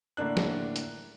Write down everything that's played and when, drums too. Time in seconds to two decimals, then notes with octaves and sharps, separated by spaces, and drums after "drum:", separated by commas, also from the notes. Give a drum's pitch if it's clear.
0.17 A2 D3 A#3 D4 F#6
0.37 drum: snare
0.76 drum: hi-hat